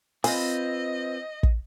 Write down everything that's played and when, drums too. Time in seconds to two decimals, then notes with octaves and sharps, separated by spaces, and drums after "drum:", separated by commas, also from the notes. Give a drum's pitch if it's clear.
0.24 C4 F4 B4 C5 D#5 G#5, drum: open hi-hat
1.43 drum: kick